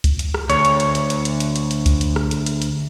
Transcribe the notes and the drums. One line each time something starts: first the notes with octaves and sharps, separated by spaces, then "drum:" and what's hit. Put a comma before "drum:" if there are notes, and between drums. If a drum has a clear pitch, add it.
drum: kick C#2, hi-hat
drum: hi-hat
drum: rim click
D2 C#5, drum: hi-hat
drum: hi-hat
drum: hi-hat
drum: hi-hat
drum: hi-hat
drum: hi-hat
drum: hi-hat
drum: hi-hat
drum: hi-hat
drum: kick C#2, hi-hat
drum: hi-hat
drum: rim click
drum: hi-hat
drum: hi-hat
drum: hi-hat